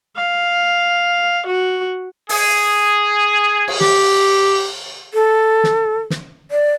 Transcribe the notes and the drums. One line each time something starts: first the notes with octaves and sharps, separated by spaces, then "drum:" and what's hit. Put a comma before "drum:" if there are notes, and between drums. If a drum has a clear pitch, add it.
F5
F#4
G#4, drum: open hi-hat
drum: cymbal
G4, drum: snare
A4
drum: snare
drum: snare
D5